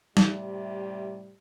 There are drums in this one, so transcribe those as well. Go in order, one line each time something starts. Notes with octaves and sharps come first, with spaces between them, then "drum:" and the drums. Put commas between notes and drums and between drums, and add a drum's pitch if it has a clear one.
A2 C3 G3, drum: snare